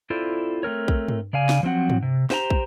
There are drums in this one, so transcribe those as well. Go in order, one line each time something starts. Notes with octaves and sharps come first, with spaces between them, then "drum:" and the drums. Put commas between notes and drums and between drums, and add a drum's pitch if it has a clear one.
C4 E4 F4 A4 C5 D5
A3 C4 A#4 C#5
drum: kick
drum: tom
C#3 D5 F5 G#5
drum: snare
F3 F#3 C4 F#5
drum: tom
C3
G4 C5 G5 A#5, drum: snare
drum: kick